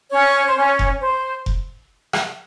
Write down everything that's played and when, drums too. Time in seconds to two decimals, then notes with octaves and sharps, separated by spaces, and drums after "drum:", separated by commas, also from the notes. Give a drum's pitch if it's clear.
0.12 C#4 C#5
0.47 C5
0.56 C#4 C#5
0.79 drum: kick F1
1.01 C5
1.46 drum: kick F1
2.13 drum: rim click